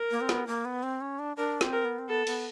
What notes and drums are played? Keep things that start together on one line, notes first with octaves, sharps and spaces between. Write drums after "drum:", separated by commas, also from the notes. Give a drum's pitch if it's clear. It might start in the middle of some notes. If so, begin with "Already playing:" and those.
Already playing: A#4
A#3
C4
B3, drum: snare
A#3
B3
C4
C#4
D4
D4 A#4
C4, drum: snare
A#4
B3
C4
B3 A4
B3, drum: cymbal